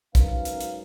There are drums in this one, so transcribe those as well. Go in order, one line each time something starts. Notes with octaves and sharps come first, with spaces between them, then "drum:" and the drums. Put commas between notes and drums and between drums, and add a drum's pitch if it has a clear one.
G#2 F#3 C#4 A#4 B4 F5, drum: kick, hi-hat
drum: hi-hat
drum: hi-hat